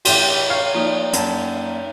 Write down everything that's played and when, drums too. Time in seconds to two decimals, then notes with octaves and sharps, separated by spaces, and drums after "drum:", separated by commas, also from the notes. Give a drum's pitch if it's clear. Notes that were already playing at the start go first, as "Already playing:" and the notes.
0.05 A1 G4, drum: cymbal
0.50 C#5 F5
0.74 F3 A#3 D#4 D5
1.13 F#2 A5, drum: hi-hat